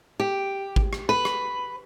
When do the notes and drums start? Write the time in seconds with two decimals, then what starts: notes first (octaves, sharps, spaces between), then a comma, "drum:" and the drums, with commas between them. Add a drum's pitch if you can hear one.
0.20 G4
0.76 drum: kick G#1
0.93 drum: rim click
1.09 B4
1.25 drum: rim click